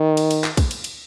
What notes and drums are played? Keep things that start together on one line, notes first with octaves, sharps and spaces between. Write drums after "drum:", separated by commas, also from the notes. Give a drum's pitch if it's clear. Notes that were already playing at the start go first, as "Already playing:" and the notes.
Already playing: D#3
drum: cymbal
drum: cymbal
drum: clap
drum: kick, cymbal
drum: cymbal
drum: cymbal